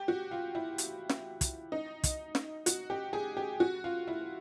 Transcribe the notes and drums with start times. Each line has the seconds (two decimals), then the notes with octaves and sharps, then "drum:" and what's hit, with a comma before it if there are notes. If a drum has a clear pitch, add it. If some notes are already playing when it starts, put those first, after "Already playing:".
Already playing: G4
0.08 F#4
0.31 F4
0.55 E4
0.78 drum: hi-hat
1.10 drum: snare
1.41 drum: kick, hi-hat
1.72 D#4
2.04 drum: kick, hi-hat
2.35 drum: snare
2.66 F#4, drum: hi-hat
2.90 G4
3.13 G#4
3.37 G4
3.60 F#4
3.84 F4
4.08 E4